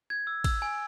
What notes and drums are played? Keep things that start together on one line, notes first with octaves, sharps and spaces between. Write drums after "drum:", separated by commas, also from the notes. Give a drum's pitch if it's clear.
G#6
E6
E6, drum: kick, cymbal
G#5